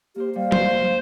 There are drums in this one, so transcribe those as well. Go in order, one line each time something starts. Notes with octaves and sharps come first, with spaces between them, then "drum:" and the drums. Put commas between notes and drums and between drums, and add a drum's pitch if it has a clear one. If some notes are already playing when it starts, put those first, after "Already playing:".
A#3 G4 A#4 C5
G3 F5
F#4 C5, drum: tom